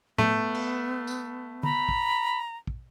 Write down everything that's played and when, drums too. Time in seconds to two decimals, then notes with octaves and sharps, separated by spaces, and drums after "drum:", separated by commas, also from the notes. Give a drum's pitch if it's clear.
0.18 A3 B3, drum: tom A2
0.55 drum: cymbal
1.07 drum: tambourine
1.63 A#5 B5, drum: tom D3
1.89 drum: kick
2.67 drum: kick